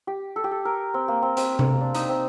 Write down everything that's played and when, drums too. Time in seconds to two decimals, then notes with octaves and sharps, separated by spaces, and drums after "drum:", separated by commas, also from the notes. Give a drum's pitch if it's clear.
0.07 G4
0.36 A4
0.44 G4
0.51 A4
0.65 A#4
0.94 C4
1.08 A#3
1.22 C4
1.37 C4, drum: hi-hat
1.59 drum: tom C3
1.80 D4
1.95 D#4, drum: hi-hat
2.09 C4